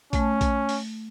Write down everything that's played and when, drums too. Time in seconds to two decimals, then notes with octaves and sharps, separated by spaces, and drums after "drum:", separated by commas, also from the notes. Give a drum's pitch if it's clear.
0.13 A3 C#4 A5, drum: kick A#1, hi-hat
0.41 drum: kick A#1, hi-hat
0.69 drum: open hi-hat